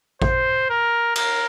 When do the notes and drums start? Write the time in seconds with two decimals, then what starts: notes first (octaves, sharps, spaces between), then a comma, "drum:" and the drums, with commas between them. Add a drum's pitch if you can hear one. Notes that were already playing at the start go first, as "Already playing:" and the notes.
0.22 C5, drum: kick A1
0.70 A#4
1.16 A#4, drum: cymbal